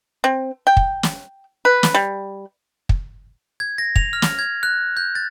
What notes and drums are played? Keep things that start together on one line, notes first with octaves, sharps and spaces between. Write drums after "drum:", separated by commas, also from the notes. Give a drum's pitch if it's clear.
C4
G5
drum: kick
drum: snare
B4
drum: snare
G3
drum: kick
G#6
A#6
F7, drum: kick
F6
drum: snare
G#6
F#6
G6
A6